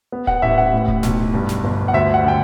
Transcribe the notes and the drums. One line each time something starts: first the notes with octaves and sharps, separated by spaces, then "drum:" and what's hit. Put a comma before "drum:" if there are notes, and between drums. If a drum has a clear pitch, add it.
B3
F#5, drum: kick D1
A1 E5
F#5
A2
drum: kick D1
B1, drum: snare
G2
drum: snare
G1
F#5
D2 E5
F#5
D3 G5